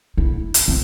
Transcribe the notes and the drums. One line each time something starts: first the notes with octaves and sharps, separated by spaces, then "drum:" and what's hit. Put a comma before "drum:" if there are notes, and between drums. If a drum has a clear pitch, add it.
E4
drum: hi-hat
C4